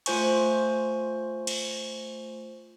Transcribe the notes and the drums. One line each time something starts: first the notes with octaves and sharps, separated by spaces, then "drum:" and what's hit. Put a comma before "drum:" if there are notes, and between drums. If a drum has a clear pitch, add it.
A3 F4 C5 G#5 C#6, drum: cymbal
drum: cymbal